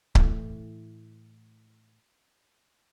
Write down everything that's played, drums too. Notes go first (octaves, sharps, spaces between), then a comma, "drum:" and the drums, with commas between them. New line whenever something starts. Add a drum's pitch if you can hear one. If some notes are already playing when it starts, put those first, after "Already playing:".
A2 E3 A3, drum: kick C#1